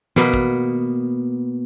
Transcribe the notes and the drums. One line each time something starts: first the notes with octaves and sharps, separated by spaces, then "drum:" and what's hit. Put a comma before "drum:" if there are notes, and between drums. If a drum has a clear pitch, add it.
B2 A#3 B3, drum: snare
drum: kick